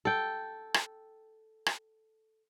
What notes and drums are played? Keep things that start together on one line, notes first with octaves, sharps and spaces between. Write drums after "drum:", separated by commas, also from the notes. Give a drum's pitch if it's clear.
A4 G5
drum: rim click
drum: rim click